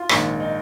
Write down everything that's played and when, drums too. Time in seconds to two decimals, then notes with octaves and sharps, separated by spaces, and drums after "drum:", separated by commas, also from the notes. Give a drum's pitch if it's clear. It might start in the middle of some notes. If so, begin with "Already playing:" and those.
Already playing: F4
0.09 A#1 G#2 D#3, drum: rim click
0.40 D#4